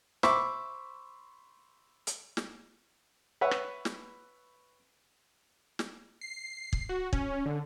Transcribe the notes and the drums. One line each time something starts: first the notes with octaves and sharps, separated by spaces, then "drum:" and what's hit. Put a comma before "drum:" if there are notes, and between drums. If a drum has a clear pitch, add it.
C5 E5 B5 C#6 D6, drum: snare
drum: hi-hat
drum: snare
B4 C#5 E5 F#5
drum: rim click
drum: snare
drum: snare
C7
drum: kick
F#4
C#4, drum: kick
D3